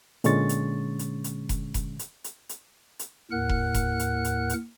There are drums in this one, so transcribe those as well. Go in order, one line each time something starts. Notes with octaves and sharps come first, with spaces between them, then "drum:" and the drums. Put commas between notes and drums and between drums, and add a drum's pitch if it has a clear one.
A#2 D3 G#3 C#4 C#6 A6, drum: hi-hat
drum: hi-hat
drum: hi-hat
drum: hi-hat
drum: kick F1, hi-hat
drum: kick F1, hi-hat
drum: hi-hat
drum: hi-hat
drum: hi-hat
drum: hi-hat
D#2 A2 A#4 F#5 F#6
drum: kick F1
drum: kick F1, hi-hat
drum: hi-hat
drum: hi-hat
drum: hi-hat